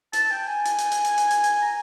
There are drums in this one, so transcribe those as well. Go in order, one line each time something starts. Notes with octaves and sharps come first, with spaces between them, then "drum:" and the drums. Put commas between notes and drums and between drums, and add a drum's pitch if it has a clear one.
A5, drum: hi-hat
G5
G#5
drum: hi-hat
drum: hi-hat
drum: hi-hat
drum: hi-hat
drum: hi-hat
drum: hi-hat
drum: hi-hat
A#5